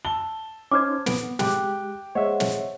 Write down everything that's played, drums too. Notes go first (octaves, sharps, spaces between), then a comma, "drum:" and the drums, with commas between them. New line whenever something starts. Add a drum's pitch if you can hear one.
A5 E6 G7
C#4 D#4 C5 D6 F6 G#6
B3 D7, drum: snare
G#3 G4 G5 D6 F#6, drum: snare
G#3 C5 C#5 D#5 E5 F#5
drum: snare